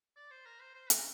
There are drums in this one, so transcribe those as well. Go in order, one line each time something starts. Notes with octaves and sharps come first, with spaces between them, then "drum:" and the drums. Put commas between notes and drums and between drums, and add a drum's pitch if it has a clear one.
D5
C5
A#4
C5
C5
A#4, drum: hi-hat